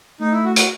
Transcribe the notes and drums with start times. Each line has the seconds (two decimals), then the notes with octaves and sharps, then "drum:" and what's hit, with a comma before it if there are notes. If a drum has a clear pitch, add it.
0.20 A3 D#4
0.32 E4
0.44 F#4
0.56 F#4, drum: hi-hat